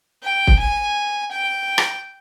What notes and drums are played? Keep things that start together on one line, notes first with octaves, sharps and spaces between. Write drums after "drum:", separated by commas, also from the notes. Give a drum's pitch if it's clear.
G5
drum: kick
G#5
G5
drum: rim click